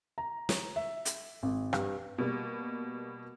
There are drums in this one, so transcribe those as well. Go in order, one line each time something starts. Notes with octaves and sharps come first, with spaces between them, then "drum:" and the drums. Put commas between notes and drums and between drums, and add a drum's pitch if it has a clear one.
A#5
drum: snare
E5
drum: hi-hat
G#1
G2, drum: rim click
B2 G3 A#3